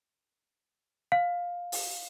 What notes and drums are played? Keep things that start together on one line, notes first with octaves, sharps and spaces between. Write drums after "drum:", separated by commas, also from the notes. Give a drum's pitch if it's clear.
F5
drum: open hi-hat